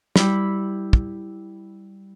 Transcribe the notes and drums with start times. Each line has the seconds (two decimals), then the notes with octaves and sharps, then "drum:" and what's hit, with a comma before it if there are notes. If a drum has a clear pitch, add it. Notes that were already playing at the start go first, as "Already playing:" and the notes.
0.16 G3 E4 B5, drum: snare
0.93 drum: kick